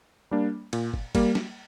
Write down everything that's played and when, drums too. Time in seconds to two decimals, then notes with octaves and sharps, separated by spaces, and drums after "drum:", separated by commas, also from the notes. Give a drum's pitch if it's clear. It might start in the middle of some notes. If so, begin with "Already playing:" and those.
0.31 G3 A#3 D4
0.73 A#2, drum: cymbal
0.94 drum: kick
1.15 G3 A#3, drum: kick, cymbal
1.35 drum: snare